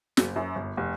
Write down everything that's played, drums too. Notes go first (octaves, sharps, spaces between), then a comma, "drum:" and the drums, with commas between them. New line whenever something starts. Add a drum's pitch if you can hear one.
F#1, drum: snare
F#2
G1
F1